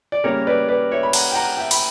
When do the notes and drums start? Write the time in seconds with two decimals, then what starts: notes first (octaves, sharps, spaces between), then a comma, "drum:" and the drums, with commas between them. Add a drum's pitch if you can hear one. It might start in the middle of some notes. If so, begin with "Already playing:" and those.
0.12 D5
0.24 C#3 G3 A#3 E4 A#4 C#5
0.47 B4 D5
0.69 B4 D5
0.91 C#5 E5
1.03 B5
1.13 F#5 A#5, drum: cymbal
1.31 G5
1.35 F#5 A#5
1.57 E5 G5
1.71 B5, drum: cymbal